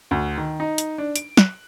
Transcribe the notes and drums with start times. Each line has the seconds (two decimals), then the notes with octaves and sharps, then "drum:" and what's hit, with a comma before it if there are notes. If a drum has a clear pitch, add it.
0.11 D2
0.38 D#3
0.60 D#4
0.78 drum: hi-hat
0.98 D4
1.16 D7, drum: hi-hat
1.37 F#6, drum: snare